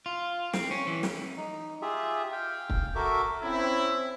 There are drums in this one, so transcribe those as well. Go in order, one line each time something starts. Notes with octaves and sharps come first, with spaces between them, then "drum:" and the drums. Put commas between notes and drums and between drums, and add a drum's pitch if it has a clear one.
F4
C4, drum: snare
C#4
E3
drum: snare
D#4
F4 G4 G#4 E5
F5 G5
drum: kick
F#4 A4 A#4 E5 D6
C4 C#4 E4